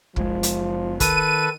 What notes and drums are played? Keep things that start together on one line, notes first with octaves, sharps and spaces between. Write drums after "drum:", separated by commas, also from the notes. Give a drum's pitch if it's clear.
F#1 F3 G#3, drum: kick
drum: hi-hat
D#3 A4 B4 D#7, drum: kick, hi-hat